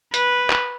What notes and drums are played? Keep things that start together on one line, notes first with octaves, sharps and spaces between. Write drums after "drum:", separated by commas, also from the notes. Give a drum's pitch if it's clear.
B4, drum: hi-hat
drum: clap